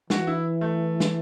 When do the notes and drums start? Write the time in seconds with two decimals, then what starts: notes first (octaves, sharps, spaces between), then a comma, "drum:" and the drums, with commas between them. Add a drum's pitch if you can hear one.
0.10 E3 F#4, drum: snare
0.27 E4
0.61 A3
1.00 drum: snare